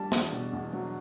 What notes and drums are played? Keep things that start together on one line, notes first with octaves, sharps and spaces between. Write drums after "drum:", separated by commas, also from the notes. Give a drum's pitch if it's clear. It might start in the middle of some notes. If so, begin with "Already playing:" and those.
Already playing: G3 A5
E2, drum: snare
B2
E2
F#3